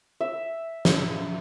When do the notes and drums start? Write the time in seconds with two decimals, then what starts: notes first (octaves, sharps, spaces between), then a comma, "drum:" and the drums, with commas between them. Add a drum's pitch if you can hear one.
0.21 E5
0.85 drum: snare